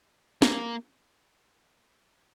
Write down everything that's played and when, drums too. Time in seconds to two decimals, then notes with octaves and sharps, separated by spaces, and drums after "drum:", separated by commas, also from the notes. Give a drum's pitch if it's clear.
0.42 A#3, drum: snare